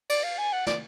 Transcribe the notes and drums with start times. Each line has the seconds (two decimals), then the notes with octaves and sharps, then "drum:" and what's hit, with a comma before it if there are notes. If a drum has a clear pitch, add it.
0.09 D5, drum: cymbal
0.23 F5
0.38 G#5
0.52 F#5
0.67 D5, drum: snare